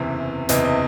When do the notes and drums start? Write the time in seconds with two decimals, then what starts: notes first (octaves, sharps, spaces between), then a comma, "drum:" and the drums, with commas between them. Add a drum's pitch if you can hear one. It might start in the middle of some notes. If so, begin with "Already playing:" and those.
Already playing: F#1 E2 C3 E3
0.49 F#1 E2 C3 E3 D#5, drum: hi-hat
0.65 D#5